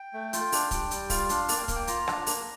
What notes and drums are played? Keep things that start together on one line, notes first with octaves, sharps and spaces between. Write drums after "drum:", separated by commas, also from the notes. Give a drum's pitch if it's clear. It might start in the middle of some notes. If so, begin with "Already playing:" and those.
Already playing: G5
A3
F4, drum: hi-hat
D4, drum: open hi-hat
G3, drum: kick, hi-hat
G3, drum: hi-hat
F4 F5, drum: kick, open hi-hat
D4 F5, drum: hi-hat
A#3 D5, drum: open hi-hat
G5
F5
A#3, drum: kick, hi-hat
G5
F4 A#5, drum: hi-hat
D4, drum: rim click
A#3, drum: open hi-hat